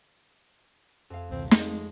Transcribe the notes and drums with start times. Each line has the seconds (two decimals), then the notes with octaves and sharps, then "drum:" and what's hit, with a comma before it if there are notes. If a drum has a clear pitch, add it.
1.10 F2 F5
1.31 C#2 B2 D#3 C4
1.51 G#3 A3 C4, drum: snare